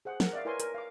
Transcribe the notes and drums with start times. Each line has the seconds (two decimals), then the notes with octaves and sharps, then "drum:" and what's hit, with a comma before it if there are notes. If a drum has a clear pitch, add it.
0.05 G#4 C5 F#5
0.20 A#4 F#5, drum: snare
0.33 D5 E5 F5
0.45 E4 A#4 B4 C#5 G#5 C6
0.60 A#4, drum: hi-hat
0.75 F5 D6